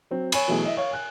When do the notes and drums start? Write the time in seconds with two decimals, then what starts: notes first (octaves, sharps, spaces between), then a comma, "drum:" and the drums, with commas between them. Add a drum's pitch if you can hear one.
0.11 F#3 C4
0.32 C#5 G#5 B5, drum: cymbal
0.48 B2 E3 F#3 A3 E4 G#4
0.64 E4 D#5 E5
0.77 C#5 F5
0.91 G#5 F#6